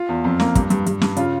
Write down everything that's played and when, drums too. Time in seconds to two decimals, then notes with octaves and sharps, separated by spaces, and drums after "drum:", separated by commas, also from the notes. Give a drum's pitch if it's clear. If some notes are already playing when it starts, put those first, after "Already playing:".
Already playing: F4
0.09 E2
0.24 F2
0.40 A#3, drum: snare
0.55 G2, drum: kick, hi-hat
0.70 G2, drum: hi-hat
0.86 G2, drum: hi-hat
1.02 G2, drum: snare
1.17 C#3 F4, drum: hi-hat